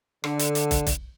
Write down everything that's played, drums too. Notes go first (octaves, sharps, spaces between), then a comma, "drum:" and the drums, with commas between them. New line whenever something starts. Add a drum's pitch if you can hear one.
D3, drum: rim click
drum: hi-hat
drum: hi-hat
drum: kick, hi-hat
drum: kick, hi-hat